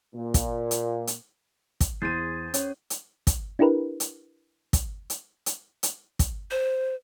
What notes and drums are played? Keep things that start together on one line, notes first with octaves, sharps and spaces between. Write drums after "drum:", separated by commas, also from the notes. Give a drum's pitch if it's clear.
A#2
drum: kick, hi-hat
drum: hi-hat
drum: hi-hat
drum: kick, hi-hat
E2 G#4 C5 A6 D#7
C#4 C#5, drum: hi-hat
drum: hi-hat
drum: kick, hi-hat
D4 E4 G4 A#4 B4
drum: hi-hat
drum: kick, hi-hat
drum: hi-hat
drum: hi-hat
drum: hi-hat
drum: kick, hi-hat
C5